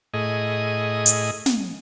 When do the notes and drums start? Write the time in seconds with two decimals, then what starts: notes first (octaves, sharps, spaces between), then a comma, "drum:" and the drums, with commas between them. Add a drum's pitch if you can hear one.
0.14 A2 G#4 D#5
1.06 drum: hi-hat
1.46 drum: snare